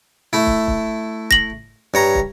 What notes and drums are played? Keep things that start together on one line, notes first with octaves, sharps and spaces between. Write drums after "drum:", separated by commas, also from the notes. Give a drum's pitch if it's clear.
A3 E4
drum: kick
drum: kick
A#6 F#7, drum: kick
G2 C#5 A#5
drum: kick